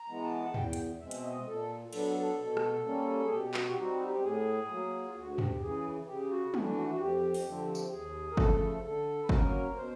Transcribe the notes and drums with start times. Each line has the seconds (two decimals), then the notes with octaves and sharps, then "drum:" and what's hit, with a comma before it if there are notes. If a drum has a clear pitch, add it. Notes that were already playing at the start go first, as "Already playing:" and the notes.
Already playing: A#5
0.08 E3 G#3 B3
0.24 A5
0.44 F#5
0.54 E2 G5, drum: tom
0.73 drum: hi-hat
1.00 B2 G#3 C4 E5
1.11 drum: hi-hat
1.24 D#5
1.47 A#2 A4
1.93 F#3 B3 D4 A4, drum: cymbal
2.16 A4
2.38 B2 A4
2.57 drum: rim click
2.85 G3 A#3 C#4
3.25 G#4
3.31 B2 G4
3.54 F#4, drum: clap
3.68 G4
3.77 G3 C4 D#4 F#4
4.00 G4
4.23 A2 G#4
4.69 F#3 A#3
5.07 F4
5.15 D2 F#4
5.31 F#4
5.38 G4, drum: tom
5.61 C#3 E3 G#4
6.07 C#3 G4
6.30 F#4
6.54 E3 A3 D4, drum: tom
6.76 F#4
6.89 F#4
6.99 F2 G4
7.34 drum: open hi-hat
7.45 D3 F3 A3 C4
7.75 drum: tambourine
7.87 G4
7.91 D#2 G#4
8.31 A#4
8.37 C#3 F3 A3 A4, drum: kick
8.83 D3 A4
9.23 B4
9.29 F#3 A#3 C#4 A#4, drum: kick
9.76 B2 C5